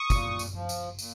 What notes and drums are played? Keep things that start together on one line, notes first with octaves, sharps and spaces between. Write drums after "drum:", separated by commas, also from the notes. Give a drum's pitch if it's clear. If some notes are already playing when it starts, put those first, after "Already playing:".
Already playing: C#6 D#6
A#2, drum: kick, tambourine
drum: tambourine
F3
drum: tambourine
A#2, drum: tambourine